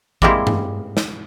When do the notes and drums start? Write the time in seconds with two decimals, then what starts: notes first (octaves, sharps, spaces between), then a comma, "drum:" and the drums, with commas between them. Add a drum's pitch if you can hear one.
0.22 G3 G#3 A#3 C4 E4 G4, drum: kick A1
0.47 drum: tom G2
0.97 drum: snare